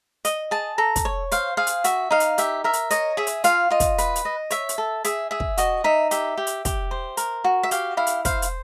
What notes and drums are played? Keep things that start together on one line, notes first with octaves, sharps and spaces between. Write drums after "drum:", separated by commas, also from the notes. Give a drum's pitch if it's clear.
D#5, drum: hi-hat
G#4 A5
A4 A#5
drum: kick, hi-hat
C#5
C5 F5, drum: hi-hat
G#4 F5
drum: hi-hat
F#4 E5, drum: hi-hat
D#4 F5
drum: hi-hat
G4 E5, drum: hi-hat
A#4 E5
drum: hi-hat
C#5 D#5, drum: hi-hat
G#4 E5
drum: hi-hat
F4 F5, drum: hi-hat
F4 D#5
drum: kick, hi-hat
B4, drum: hi-hat
drum: hi-hat
D#5
C#5 E5, drum: hi-hat
drum: hi-hat
A4
G#4 E5, drum: hi-hat
G#4 E5
drum: kick
F#4 D#5, drum: hi-hat
D#4 E5
G4 E5, drum: hi-hat
G4
drum: hi-hat
G4, drum: kick, hi-hat
C5
A#4, drum: hi-hat
F#4
E5
G4 F5, drum: hi-hat
E4 F5
drum: hi-hat
C5 F5, drum: kick, hi-hat
drum: hi-hat